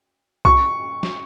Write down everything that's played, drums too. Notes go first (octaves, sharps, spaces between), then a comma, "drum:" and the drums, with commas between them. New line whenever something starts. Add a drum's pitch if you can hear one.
C#6, drum: kick B1
drum: snare